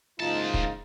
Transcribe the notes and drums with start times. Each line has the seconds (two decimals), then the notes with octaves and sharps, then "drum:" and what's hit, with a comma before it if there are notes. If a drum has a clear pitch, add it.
0.20 F#1 D2 G#2 D#4 F4 A5
0.54 drum: kick